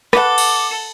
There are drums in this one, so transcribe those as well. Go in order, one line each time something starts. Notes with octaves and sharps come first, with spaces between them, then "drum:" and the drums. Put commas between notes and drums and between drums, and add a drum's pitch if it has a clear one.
A4 B4 F#5 D6, drum: rim click
drum: cymbal